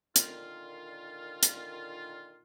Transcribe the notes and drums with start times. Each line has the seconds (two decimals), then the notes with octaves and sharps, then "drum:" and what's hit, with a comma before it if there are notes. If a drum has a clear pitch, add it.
0.16 A#2 D3 D#3 F4, drum: hi-hat
1.43 drum: hi-hat